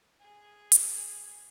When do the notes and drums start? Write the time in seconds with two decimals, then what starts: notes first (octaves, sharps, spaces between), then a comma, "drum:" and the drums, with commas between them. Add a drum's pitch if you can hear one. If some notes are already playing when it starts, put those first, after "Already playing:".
0.20 G#4 G#5
0.72 drum: hi-hat